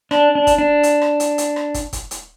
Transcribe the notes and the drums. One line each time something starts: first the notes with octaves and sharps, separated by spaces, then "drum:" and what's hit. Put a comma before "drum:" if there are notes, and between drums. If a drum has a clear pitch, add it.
D4, drum: rim click
D4
drum: kick, hi-hat
D4
drum: hi-hat
drum: rim click
drum: hi-hat
drum: hi-hat
drum: rim click
drum: kick, hi-hat
drum: kick, hi-hat
drum: hi-hat